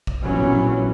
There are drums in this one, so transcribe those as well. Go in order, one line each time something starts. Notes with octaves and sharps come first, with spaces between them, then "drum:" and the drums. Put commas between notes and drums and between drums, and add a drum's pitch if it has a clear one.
drum: kick
A#1 B2 E3 F#3 C#4